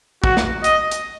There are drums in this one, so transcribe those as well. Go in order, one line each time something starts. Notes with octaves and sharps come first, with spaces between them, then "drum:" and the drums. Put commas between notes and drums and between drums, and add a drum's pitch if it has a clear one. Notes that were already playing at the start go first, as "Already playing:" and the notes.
F#4, drum: kick
drum: snare
D#5, drum: hi-hat
drum: hi-hat